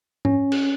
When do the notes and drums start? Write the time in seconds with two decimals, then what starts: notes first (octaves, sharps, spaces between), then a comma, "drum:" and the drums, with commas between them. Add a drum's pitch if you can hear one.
0.25 C#4, drum: tom G#2
0.52 drum: cymbal